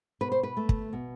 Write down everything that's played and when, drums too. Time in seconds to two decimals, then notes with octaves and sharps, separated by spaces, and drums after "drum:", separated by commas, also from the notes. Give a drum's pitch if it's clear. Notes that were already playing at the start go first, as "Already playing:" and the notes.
0.21 B2 B4
0.32 C5
0.43 B4
0.57 A3
0.69 drum: kick
0.93 B2